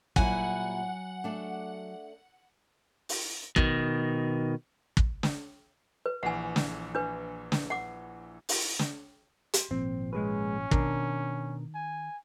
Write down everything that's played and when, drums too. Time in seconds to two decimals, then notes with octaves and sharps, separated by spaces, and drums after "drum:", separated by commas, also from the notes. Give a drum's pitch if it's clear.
0.16 A#2 F#3 G3 E4 F#5 G#5, drum: kick
1.24 A3 D4
3.09 drum: open hi-hat
3.56 B2 D#3, drum: kick
4.97 drum: kick
5.23 drum: snare
6.06 B4
6.23 A#1 E3 F#5 G#5
6.56 drum: snare
6.95 D4 B4
7.52 drum: snare
7.70 F#5 D6
8.49 drum: open hi-hat
8.79 drum: snare
9.53 drum: hi-hat
9.71 G#1 A#2 F3 C4
10.13 G#3 C#4 G#4 B4
10.71 B2 D#3 D4 A#4, drum: kick
11.75 G#5